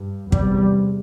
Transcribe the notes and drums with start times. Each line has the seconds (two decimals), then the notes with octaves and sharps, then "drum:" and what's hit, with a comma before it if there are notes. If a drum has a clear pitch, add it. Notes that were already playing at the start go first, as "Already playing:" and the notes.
Already playing: G2
0.32 E2 C3 G3, drum: kick